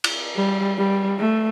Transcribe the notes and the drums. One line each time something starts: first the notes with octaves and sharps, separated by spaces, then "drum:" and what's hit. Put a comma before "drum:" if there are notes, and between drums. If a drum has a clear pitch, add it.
drum: cymbal
G3
G3
A3